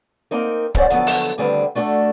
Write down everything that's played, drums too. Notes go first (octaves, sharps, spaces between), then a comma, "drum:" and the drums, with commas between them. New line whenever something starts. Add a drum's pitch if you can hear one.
A#3 C4 D#4 A#4
F#3 C#4 C5 D5 F#5, drum: kick
D3 F3 F#3 B3 A4, drum: hi-hat
drum: open hi-hat
D2 D3 D#3 G3 C4 B4
A3 D4 F#4 G4 A4